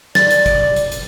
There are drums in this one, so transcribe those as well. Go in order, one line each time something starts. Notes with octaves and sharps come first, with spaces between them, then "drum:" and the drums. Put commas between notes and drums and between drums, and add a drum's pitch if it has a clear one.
D5 A6, drum: snare
drum: hi-hat
drum: kick, hi-hat
drum: hi-hat
drum: hi-hat